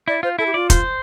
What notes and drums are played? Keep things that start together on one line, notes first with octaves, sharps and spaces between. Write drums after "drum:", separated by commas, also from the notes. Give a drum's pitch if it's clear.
E4 D5
F4 C5
E4 A4
G4
F4 D5
C5, drum: kick, hi-hat